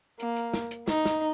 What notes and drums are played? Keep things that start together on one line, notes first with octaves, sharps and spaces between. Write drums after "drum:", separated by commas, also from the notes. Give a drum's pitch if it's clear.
A#3, drum: hi-hat
drum: hi-hat
drum: snare
drum: hi-hat
D#4, drum: snare
drum: snare